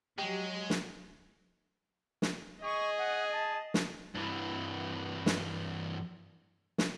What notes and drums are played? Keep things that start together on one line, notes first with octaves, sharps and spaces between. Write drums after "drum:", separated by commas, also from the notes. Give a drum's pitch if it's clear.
F#3 G#3 G4
drum: snare
drum: snare
G#4 D#5 C#6
F#5
A5
drum: snare
G2 E3
drum: snare
drum: snare